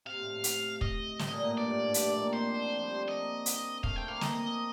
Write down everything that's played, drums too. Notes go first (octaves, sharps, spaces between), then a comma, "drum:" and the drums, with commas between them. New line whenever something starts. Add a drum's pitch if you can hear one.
C3 F5
A2
A2
drum: hi-hat
D#5, drum: kick
A2, drum: snare
A#2
A2
G2 D5
A2
A2
G2
A2, drum: hi-hat
A#2
D#3
C4 C5
D4
C4
F3
G3
A3
A#3 D#5
drum: hi-hat
A3 F5, drum: kick
C4 G5
A#3 F5
D#5, drum: snare